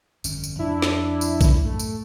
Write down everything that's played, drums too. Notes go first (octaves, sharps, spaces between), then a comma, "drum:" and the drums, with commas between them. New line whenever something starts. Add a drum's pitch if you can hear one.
G1 F2 C#4, drum: tambourine
drum: tambourine
F2 D4 E4
drum: snare
drum: tambourine
drum: kick A#1, tambourine
F#2 A2 A3
drum: tambourine